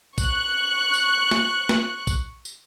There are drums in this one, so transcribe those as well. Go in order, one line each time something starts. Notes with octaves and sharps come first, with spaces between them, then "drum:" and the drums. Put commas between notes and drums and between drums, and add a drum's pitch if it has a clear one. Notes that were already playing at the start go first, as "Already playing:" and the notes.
C#6 F#6, drum: kick, tambourine
drum: tambourine
drum: snare
drum: snare
drum: kick, tambourine
drum: tambourine